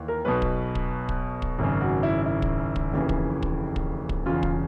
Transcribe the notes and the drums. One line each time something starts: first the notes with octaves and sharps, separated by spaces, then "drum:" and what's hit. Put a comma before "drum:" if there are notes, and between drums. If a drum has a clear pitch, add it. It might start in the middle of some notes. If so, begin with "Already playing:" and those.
Already playing: D#2 E3
A#4
B1 B2 B4
drum: kick
drum: kick
drum: kick
drum: kick
G#1 F#2 C#3
F#4
E4
E4
drum: kick
drum: kick
F1 D#2 C#3 E3
drum: kick
drum: kick
drum: kick
drum: kick
E1 E2 C#3 F4
drum: kick